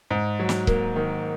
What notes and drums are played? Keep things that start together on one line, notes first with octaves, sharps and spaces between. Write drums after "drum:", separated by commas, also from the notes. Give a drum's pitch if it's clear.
G#2
F#3
drum: snare
A#3, drum: kick C#1
D#3